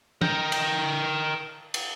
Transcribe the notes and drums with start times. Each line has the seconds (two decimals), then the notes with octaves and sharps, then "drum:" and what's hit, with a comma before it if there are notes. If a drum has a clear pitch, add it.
0.22 A#4 G5, drum: tom
0.52 drum: cymbal
1.74 drum: cymbal